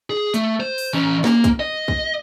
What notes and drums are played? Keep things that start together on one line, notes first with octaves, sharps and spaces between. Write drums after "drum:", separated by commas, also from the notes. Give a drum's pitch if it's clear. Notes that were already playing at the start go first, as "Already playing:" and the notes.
G#4
A3, drum: hi-hat
C5
drum: open hi-hat
E3 C#4
A#3, drum: snare
drum: kick, hi-hat
D#5
drum: kick